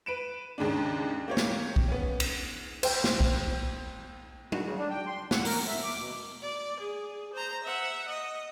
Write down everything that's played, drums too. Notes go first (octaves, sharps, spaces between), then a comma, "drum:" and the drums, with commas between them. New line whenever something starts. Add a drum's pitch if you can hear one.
B4 D7 E7
D#2 G#2 C#3 C#4 D4
A#3 G4 C#5
drum: snare
drum: kick B1
B3 C#4
drum: cymbal
C5 G5, drum: cymbal
drum: snare
drum: kick B1
F#4, drum: tom
C#3
D4
G5
C6
F#5, drum: snare
A#4, drum: open hi-hat
E5
D6
B2
D5
G#4
C5 A#5
E5 F#5
D#5